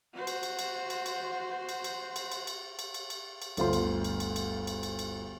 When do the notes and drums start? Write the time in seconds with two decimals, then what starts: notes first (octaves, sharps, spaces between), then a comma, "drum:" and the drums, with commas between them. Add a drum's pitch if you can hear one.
0.13 F#4 C5
0.27 drum: cymbal
0.43 drum: cymbal
0.59 drum: cymbal
0.90 drum: cymbal
1.06 drum: cymbal
1.69 drum: cymbal
1.84 drum: cymbal
2.16 drum: cymbal
2.32 drum: cymbal
2.47 drum: cymbal
2.79 drum: cymbal
2.94 drum: cymbal
3.10 drum: cymbal
3.42 drum: cymbal
3.57 G1 D2 F4 C5 C6, drum: cymbal
3.73 drum: cymbal
4.04 drum: cymbal
4.20 drum: cymbal
4.36 drum: cymbal
4.67 drum: cymbal
4.83 drum: cymbal
4.99 drum: cymbal